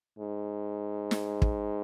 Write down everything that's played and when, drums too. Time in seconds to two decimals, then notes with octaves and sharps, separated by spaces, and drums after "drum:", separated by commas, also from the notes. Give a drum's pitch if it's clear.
0.19 G#2
1.11 drum: snare
1.42 drum: kick